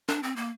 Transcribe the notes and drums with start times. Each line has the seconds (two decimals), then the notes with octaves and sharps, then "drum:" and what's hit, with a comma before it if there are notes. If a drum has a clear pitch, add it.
0.09 D4, drum: snare
0.23 C4
0.36 A#3